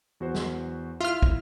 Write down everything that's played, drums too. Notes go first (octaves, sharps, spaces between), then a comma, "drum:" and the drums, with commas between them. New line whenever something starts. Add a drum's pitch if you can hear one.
E2 F#4 C5
drum: snare
E4 F4 E5 F6
drum: kick